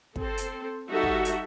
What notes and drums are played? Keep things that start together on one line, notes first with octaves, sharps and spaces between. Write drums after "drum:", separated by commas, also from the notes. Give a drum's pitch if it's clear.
C4 A4 C5, drum: kick
drum: hi-hat
G3 D#4 F#4 A4 E5
drum: kick
drum: hi-hat